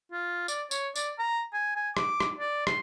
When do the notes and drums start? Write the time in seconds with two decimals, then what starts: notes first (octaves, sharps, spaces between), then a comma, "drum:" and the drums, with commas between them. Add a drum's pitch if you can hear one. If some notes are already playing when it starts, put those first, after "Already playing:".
0.12 F4
0.48 D5, drum: tambourine
0.71 C#5, drum: tambourine
0.96 D5, drum: tambourine
1.19 A#5
1.54 G#5
1.76 G#5
1.97 D6, drum: rim click
2.20 drum: rim click
2.38 D5
2.67 C6, drum: rim click